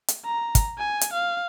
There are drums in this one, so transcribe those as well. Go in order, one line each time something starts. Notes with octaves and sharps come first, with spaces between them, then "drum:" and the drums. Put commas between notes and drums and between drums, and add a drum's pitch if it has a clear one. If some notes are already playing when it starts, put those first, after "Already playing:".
drum: hi-hat
A#5
drum: kick, hi-hat
G#5
drum: hi-hat
F5